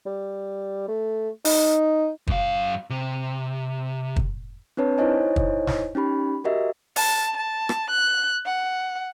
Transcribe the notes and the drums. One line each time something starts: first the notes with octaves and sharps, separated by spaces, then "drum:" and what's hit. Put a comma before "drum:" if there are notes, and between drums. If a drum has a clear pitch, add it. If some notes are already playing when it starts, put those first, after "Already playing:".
G3
A3
D#4, drum: open hi-hat
F#2 F5, drum: kick
C3
drum: kick
C4 D4 B4 C#5 A5
D#4 E4 C5 C#5 D#5 G#5
drum: kick
drum: snare
C#4 D#4 G4 B5
F#4 G4 A#4 D#5 E5
A5, drum: open hi-hat
A5
drum: rim click
F#6
F#5